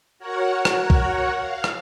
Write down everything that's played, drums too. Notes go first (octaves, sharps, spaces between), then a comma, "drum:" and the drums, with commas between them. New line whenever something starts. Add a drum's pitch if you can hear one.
F#4 A#4 C#5 F#5
drum: rim click
drum: kick B1
F5
drum: rim click